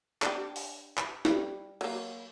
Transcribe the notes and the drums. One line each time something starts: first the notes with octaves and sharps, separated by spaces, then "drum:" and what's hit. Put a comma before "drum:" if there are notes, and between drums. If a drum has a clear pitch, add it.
D4 G4, drum: clap
drum: open hi-hat
drum: clap
G3, drum: snare
F#3 A#3, drum: cymbal